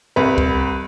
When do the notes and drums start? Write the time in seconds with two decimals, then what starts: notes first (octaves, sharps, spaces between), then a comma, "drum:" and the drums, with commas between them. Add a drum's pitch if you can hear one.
0.16 C2 B4
0.38 drum: kick